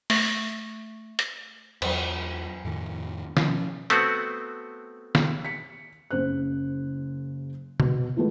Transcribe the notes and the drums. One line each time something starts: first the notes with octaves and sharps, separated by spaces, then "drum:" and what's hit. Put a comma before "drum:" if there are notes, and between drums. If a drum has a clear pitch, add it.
A3, drum: open hi-hat
drum: hi-hat
E2 F#3, drum: cymbal
F2 A2 D#3
B2 F3 C#4, drum: snare
A3 B3 C4 F#4, drum: hi-hat
drum: snare
B6 C#7
F#1 C#3 C5 F#6
B2, drum: tom C3
E3 F3 G#3 A3 B3